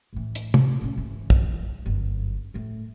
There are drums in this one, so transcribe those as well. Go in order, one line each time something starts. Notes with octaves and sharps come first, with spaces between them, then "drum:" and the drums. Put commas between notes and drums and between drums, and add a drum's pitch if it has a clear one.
A2 E3
drum: hi-hat
drum: tom
A2 C#4
G#1 E3
drum: kick
G1 F#2
A2 A3